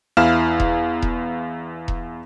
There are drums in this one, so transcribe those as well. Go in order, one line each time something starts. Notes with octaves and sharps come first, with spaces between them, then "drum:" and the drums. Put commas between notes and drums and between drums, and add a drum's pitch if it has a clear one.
E2 E4 F5 F6 E7
drum: kick E1
drum: kick E1
drum: kick E1